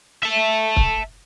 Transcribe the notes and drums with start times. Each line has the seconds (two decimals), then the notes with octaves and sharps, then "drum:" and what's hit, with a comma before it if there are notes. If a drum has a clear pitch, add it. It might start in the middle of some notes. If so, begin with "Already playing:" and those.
0.23 E5 A5
0.76 drum: kick C#1